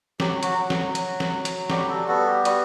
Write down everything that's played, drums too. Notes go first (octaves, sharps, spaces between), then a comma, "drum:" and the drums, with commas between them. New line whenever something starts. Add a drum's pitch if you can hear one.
F#3 G4, drum: snare
F#4
F#4, drum: hi-hat
F#3
drum: snare
F#3, drum: hi-hat
drum: snare
F#3
drum: hi-hat
G3 G4, drum: snare
F#4 A4
B3 F#4 A4
G4
G3 F#4, drum: hi-hat